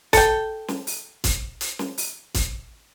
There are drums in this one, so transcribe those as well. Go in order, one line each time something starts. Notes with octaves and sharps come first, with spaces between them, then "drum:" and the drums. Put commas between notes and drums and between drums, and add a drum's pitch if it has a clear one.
A4 G5, drum: kick, hi-hat
drum: snare
drum: open hi-hat
drum: kick, hi-hat
drum: hi-hat
drum: snare
drum: open hi-hat
drum: kick, hi-hat